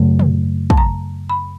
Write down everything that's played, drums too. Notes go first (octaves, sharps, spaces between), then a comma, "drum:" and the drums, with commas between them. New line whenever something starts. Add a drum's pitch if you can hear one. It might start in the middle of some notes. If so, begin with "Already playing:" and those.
Already playing: F#2 C#3 F#3 A3
drum: tom
A5, drum: kick
A#5
B5